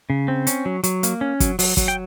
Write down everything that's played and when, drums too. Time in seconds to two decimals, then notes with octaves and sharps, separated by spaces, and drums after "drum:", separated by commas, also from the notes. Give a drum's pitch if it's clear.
0.10 C#3
0.28 C4
0.47 C#4, drum: hi-hat
0.66 F#3
0.84 F#3, drum: hi-hat
1.03 A#3, drum: hi-hat
1.21 C#4
1.40 F#3, drum: kick, hi-hat
1.59 F#3, drum: open hi-hat
1.77 F#3, drum: kick, hi-hat
1.88 G5